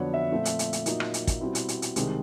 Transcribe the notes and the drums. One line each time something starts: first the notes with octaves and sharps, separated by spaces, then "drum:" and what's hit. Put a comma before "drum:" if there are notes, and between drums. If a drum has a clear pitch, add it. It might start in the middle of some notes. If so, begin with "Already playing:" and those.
Already playing: F2 D3 F#3 B3 D4 C#5
E5
A#2 F3 A3 C4
drum: hi-hat
drum: hi-hat
drum: hi-hat
A#2 F#3 A#3 D#4, drum: hi-hat
drum: rim click
drum: hi-hat
drum: kick, hi-hat
B2 G3 C4 E4
drum: hi-hat
drum: hi-hat
drum: hi-hat
C2 C3 D#3 G#3, drum: hi-hat